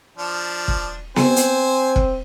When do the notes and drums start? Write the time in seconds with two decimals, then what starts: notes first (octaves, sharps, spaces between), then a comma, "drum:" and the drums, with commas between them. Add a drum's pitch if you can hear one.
0.18 F3 D4
0.68 drum: kick F1
1.16 C4 C5 G#5, drum: snare B3
1.36 drum: hi-hat
1.96 drum: kick F1